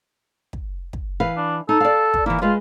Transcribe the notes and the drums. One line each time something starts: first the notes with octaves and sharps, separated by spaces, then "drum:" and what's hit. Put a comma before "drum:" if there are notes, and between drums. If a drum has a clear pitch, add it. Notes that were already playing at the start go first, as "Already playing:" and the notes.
drum: kick
drum: kick
E3 B4 F5
D4
D#4 A4
D5 F5
drum: kick
E3 A#3 E4
G#3 F4 B4 D#5